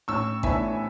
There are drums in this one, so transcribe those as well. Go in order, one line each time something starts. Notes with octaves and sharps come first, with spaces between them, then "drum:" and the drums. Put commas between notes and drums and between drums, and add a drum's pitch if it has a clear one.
A1 C#6 E6
A2 E3 B3 D4 E5 G#5, drum: kick A1